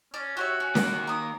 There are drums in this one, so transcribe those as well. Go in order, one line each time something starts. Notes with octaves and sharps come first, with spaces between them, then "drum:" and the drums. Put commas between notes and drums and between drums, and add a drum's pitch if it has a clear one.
C#4 D5
F#4 G4 C#5 E5
C#4
D#3 A#3, drum: snare C#4
A#5 D#6